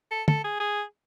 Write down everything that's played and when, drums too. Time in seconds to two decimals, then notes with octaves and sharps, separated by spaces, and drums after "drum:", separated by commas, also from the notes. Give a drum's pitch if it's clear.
0.11 A4
0.28 A4, drum: tom
0.44 G#4
0.60 G#4